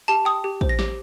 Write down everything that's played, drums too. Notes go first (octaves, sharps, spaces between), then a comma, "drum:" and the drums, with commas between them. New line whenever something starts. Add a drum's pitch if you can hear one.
G4 A5
G5 D#6
G4
C5, drum: kick
A#6
G4, drum: snare